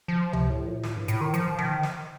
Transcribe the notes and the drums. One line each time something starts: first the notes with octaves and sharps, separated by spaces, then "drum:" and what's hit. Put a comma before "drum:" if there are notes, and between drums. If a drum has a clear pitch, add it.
F3
C3, drum: tom C#2
A2
A#2
A2, drum: snare
G2
A2, drum: hi-hat
D#3
F3, drum: hi-hat
D#3, drum: tom D3
drum: snare